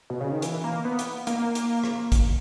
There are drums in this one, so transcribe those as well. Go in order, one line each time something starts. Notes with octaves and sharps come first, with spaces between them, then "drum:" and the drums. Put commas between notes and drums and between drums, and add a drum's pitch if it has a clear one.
B2
C#3
D#3
E3, drum: hi-hat
A#3
B3
drum: hi-hat
A#3, drum: hi-hat
drum: hi-hat
drum: rim click
drum: kick, hi-hat